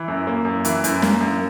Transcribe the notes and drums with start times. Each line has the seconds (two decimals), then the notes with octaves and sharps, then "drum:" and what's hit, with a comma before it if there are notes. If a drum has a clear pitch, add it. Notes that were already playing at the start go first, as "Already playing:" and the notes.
Already playing: E3
0.08 F#2
0.27 A#3
0.45 F#2
0.65 E3, drum: hi-hat
0.84 F#2, drum: hi-hat
1.02 A#3, drum: snare
1.21 F#2